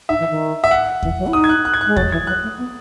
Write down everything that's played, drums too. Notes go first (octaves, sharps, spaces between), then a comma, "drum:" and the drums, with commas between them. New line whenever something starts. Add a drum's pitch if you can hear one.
D#4 E5
E3
D#3
E5
F#5
E3, drum: kick E2
F#3
E4
D#4 D#6
G#6
F#6
F#6
G#6
F#6
G#3
F#3 A6, drum: kick E2
E3 G#6
F#3 F#6
A3
B3